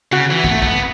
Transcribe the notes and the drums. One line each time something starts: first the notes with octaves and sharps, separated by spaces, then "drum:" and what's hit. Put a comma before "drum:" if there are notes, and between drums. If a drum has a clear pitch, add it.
C#3 F#4
E3
B3, drum: kick
A3
A3, drum: kick
B3